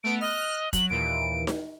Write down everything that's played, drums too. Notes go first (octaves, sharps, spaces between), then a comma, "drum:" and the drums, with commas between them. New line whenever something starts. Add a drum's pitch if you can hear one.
A3 B3 D7
D#5 F6 F#6
F#3 F#7, drum: kick, hi-hat
D#2 A#2 E3 D7
drum: snare D#4